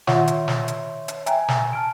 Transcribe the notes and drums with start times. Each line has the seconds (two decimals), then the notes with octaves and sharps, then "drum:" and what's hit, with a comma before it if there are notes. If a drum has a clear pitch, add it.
0.07 D#3 F4 C#5 E5 F#5 C6, drum: snare
0.28 drum: hi-hat
0.48 drum: snare
0.68 drum: hi-hat
1.08 drum: hi-hat
1.26 E5 G5 G#5 A#5, drum: hi-hat
1.48 drum: snare
1.73 A5 F6 D7